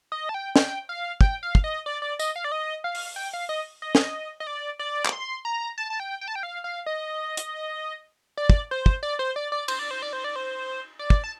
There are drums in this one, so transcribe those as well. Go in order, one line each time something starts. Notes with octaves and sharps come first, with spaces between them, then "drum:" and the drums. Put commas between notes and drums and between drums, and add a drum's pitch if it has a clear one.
D#5
A5
G5
G5, drum: snare
F5
G5, drum: kick
F5
drum: kick
D#5
D5
D5
D#5, drum: tambourine
F5
D5
D#5
F5
drum: open hi-hat
G5
F5
D#5
D#5
drum: snare
D#5
D5
D5
D6, drum: clap
C6
A#5
A5
A5
G5
G5
A5
G5
F5
F5
D#5
drum: hi-hat
D5
drum: kick
C5
drum: kick
D5
C5
D5
D5
C5, drum: cymbal
D5
C5
D5
C5
D5
C5
D5
drum: kick
A5